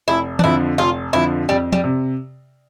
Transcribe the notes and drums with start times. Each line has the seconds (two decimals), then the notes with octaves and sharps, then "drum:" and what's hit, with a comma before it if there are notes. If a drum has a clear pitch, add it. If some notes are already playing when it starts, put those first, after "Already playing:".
0.08 F1 E4
0.39 D4, drum: tom D#3
0.44 F2 D3 F3 E4
0.78 F1 F4
1.13 F2 D3 F3 E4
1.49 F2 G3
1.72 G3, drum: tom F3
1.84 C3